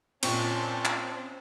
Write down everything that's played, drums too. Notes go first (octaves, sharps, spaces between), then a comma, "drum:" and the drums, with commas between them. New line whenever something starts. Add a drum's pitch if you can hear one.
A#2 C4 C#4 G5 A5 C#6, drum: cymbal
drum: clap